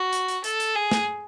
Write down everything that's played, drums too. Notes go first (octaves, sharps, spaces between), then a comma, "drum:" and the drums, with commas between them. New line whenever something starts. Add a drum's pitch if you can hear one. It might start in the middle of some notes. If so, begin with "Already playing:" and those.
Already playing: F#4
drum: hi-hat
drum: hi-hat
A4, drum: hi-hat
drum: hi-hat
G#4
drum: snare